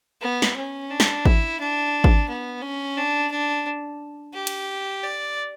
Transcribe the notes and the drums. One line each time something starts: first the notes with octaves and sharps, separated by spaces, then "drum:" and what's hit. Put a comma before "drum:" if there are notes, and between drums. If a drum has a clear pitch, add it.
B3
drum: snare
C#4
D4
drum: snare
E4, drum: kick G#1
D4
drum: kick G#1
B3
C#4
D4
D4
G4
drum: cymbal
D5